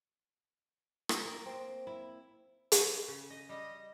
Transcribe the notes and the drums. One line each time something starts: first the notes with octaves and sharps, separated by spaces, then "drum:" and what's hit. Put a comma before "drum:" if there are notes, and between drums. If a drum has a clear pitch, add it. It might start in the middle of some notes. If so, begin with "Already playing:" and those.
drum: rim click
A#3
C4
E4
drum: hi-hat
C#3
D#5
G3 D#5